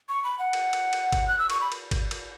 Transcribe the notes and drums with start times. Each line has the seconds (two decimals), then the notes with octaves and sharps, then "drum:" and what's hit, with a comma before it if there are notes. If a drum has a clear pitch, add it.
0.09 C#6
0.24 B5
0.39 F#5
0.53 drum: cymbal
0.73 drum: cymbal
0.93 drum: cymbal
1.12 drum: kick, cymbal
1.28 F#6
1.39 E6
1.50 C#6, drum: cymbal
1.61 B5
1.72 drum: cymbal
1.91 drum: kick, cymbal
2.11 drum: cymbal